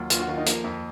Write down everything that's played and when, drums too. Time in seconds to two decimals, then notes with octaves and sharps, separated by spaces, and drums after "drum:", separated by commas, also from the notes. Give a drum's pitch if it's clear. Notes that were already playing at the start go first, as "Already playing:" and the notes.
Already playing: D#2 F#3 F4
0.10 D#2 F4, drum: hi-hat
0.20 F#4
0.28 D#3 F4
0.38 D#4
0.46 F3 A#3, drum: hi-hat
0.64 F2